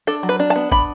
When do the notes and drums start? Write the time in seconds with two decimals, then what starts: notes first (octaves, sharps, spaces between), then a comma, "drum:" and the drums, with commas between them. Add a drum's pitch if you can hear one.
0.07 D4 A4
0.23 F#3
0.29 B4
0.39 D4
0.50 A5
0.56 B3
0.72 D4 B5, drum: kick